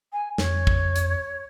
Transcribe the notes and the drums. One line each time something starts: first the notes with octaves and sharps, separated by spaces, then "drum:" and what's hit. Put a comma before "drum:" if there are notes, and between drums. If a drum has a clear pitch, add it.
G#5
F2 C#5, drum: snare
drum: kick
drum: hi-hat